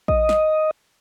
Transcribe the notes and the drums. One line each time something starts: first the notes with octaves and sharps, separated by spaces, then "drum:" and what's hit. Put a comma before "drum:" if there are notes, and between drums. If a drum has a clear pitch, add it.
D#5, drum: kick
drum: snare